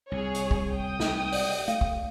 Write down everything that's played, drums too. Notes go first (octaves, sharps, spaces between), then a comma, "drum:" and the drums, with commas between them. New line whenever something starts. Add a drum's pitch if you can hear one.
C2 G#4 C#5
drum: hi-hat
drum: kick
G5 D#6
drum: snare
D5, drum: open hi-hat
A3 F5, drum: hi-hat
drum: kick